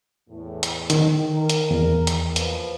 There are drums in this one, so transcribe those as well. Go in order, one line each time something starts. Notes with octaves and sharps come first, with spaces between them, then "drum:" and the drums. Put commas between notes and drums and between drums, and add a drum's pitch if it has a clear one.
E2 A2
drum: hi-hat
D#3, drum: hi-hat
A#4
drum: hi-hat
E2
drum: hi-hat
F3 A#3 B4, drum: hi-hat